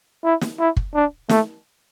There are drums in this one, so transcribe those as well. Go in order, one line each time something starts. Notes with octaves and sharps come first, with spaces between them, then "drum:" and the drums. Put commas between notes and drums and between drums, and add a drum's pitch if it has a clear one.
E4
drum: snare
E4
drum: kick
D4
A3, drum: snare